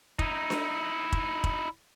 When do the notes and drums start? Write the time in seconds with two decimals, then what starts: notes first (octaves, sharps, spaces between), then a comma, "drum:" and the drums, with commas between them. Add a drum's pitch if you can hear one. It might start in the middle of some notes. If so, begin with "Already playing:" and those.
0.19 D#4 E4, drum: kick
0.50 drum: snare D4
1.12 drum: kick
1.44 drum: kick